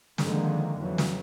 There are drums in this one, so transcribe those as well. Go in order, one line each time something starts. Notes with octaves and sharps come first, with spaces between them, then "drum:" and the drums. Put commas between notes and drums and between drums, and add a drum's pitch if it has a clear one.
F2 D3 D#3 G#3 A#3, drum: snare
F2 E3 F#3
drum: snare